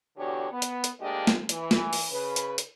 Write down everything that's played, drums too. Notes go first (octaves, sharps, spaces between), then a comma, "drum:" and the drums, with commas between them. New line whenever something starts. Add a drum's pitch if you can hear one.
E2 D3 D4 F#4 G4 C#5
B3
drum: hi-hat
drum: hi-hat
D2 G#3 A#3 D4 G4 D#5
drum: snare
E3, drum: hi-hat
drum: snare
drum: open hi-hat
C#3 B4
drum: hi-hat
drum: hi-hat